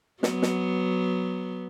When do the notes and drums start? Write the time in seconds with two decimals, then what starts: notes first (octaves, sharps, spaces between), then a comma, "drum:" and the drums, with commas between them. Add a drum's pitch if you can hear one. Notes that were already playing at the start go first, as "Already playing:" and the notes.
0.23 F#3 B3, drum: snare
0.42 drum: snare